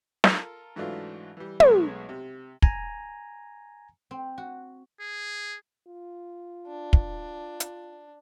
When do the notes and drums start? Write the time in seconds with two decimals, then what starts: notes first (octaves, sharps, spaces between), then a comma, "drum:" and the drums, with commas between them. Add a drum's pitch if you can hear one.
0.24 F4 A4 A#4, drum: snare
0.76 G#2 E3 F#3 A3 D4 F4
1.37 E3 G3
1.60 B1 G#3 A3 B3 C#5 C6, drum: tom
2.09 C3
2.62 G#5 A#5, drum: kick
4.11 C4
4.38 F#4
5.01 G#4
5.88 F4
6.67 D4
6.93 drum: kick
7.60 drum: hi-hat